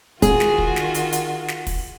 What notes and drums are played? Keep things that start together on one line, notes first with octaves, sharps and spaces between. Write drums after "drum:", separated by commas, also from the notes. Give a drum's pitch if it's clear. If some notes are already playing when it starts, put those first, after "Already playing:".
D#3 F4 F#4 G#4, drum: kick, hi-hat
drum: snare
drum: kick
drum: snare
drum: hi-hat
drum: hi-hat
drum: snare
drum: kick, open hi-hat